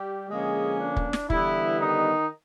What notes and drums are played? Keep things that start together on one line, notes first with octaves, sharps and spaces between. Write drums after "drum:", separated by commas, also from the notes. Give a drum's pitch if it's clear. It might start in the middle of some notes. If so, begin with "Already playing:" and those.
Already playing: G3 G4
D3 F3 G#3 A#3 C#4 G#4
D4
drum: kick
drum: snare
D3 E3 G3 B3 E4, drum: kick
D#3 D#4